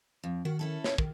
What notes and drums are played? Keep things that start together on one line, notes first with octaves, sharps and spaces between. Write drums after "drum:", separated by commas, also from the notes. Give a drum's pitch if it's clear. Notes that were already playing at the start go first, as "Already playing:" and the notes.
F2
D#3 F#4
C#4 E4 A4
C#5, drum: snare
D#3, drum: kick